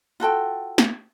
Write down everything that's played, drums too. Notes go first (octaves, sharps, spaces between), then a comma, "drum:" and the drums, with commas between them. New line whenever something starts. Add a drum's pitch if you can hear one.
F4 F#4 A4 G5
drum: snare